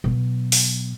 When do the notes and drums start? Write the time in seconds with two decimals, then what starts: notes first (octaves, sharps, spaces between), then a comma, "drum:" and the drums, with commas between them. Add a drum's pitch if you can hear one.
0.04 B2 F#3
0.52 drum: open hi-hat